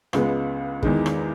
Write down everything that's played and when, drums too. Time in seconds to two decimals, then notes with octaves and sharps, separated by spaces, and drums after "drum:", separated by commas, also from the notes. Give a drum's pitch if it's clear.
0.13 C#2 C#3 G#3 B3, drum: rim click
0.83 E2 D#3 G#3, drum: kick
1.06 drum: rim click